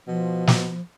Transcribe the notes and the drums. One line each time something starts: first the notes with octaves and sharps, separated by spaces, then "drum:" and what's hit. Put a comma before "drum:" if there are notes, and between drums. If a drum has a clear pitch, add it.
B2 F3
drum: snare